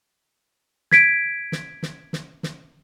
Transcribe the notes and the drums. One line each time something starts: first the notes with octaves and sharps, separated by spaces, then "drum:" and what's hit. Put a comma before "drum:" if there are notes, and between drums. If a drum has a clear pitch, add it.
G#6 B6 D7, drum: snare
drum: snare
drum: snare
drum: snare
drum: snare